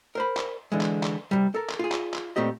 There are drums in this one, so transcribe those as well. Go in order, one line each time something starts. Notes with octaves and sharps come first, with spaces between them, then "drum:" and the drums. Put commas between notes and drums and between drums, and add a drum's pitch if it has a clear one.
A#4 C5 B5
drum: clap
D3 E3 G#3
drum: clap
drum: clap
C2 C3 G3
A4 A#4
drum: clap
F4 G#4
drum: clap
drum: clap
A#2 A3 C4 G4 D#5